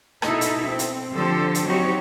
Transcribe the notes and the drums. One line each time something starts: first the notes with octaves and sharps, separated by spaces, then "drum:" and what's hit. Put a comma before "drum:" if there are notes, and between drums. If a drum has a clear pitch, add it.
B2 D#4 E4 A4, drum: rim click
drum: hi-hat
C4
drum: hi-hat
D3 F3 G4 A4 C5
drum: hi-hat
F#3 C4 D#4 F#4 G4 C#5